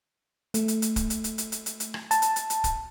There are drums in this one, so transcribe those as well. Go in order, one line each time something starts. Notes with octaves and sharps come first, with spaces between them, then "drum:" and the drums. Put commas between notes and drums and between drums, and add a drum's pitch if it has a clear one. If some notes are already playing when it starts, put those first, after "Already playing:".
A3, drum: hi-hat
drum: hi-hat
drum: hi-hat
drum: kick, hi-hat
drum: hi-hat
drum: hi-hat
drum: hi-hat
drum: hi-hat
drum: hi-hat
drum: hi-hat
drum: rim click
A5, drum: hi-hat
drum: hi-hat
drum: hi-hat
drum: hi-hat
drum: kick, hi-hat